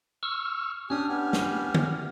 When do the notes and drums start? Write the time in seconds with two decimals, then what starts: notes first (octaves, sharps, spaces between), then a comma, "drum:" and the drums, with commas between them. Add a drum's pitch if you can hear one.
0.23 C#6 E6 F6
0.90 C#4 D4 G4 G#5 D#6 F6
1.08 B3 G4 G#5
1.33 drum: snare
1.74 drum: tom D3